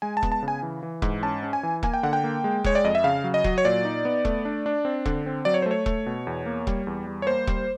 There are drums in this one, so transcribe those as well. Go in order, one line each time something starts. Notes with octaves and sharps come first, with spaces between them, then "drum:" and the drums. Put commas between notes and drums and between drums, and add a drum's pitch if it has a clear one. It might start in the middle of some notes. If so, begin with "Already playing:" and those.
G#3 G#5
A5
B3, drum: kick E1
A5
C#3
G#5
E3
E3
G#2, drum: kick E1
C#4 A5
C#4
G#5
E3
A#3 G#5, drum: kick E1
G5
D3 F#5
G5
A#3
G#3
G#3 C#5, drum: kick E1
D5
F2 D#5
E5
C#3 F5
F#3
D#5
F#3, drum: kick E1
C#5
A#2 D5
D#4
B3
A3, drum: kick E1
D4
D4
C4
D3, drum: kick E1
C4
F#3 D5
C#5
C5
A3 C#5
A3, drum: kick E1
B2
E2
A#3
G3, drum: kick E1
E2
G3
C#5
A#3 C5
G3, drum: kick E1